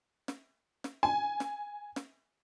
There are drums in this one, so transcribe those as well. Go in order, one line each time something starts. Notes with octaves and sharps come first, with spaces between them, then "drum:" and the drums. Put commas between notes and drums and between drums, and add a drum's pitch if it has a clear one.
drum: snare
drum: snare
G#5
drum: snare
drum: snare